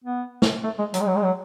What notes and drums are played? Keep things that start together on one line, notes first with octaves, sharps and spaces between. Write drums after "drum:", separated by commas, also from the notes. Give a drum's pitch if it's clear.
B3
drum: snare
A3
G#3
F#3, drum: hi-hat
G#3
F#3
G#3
F#3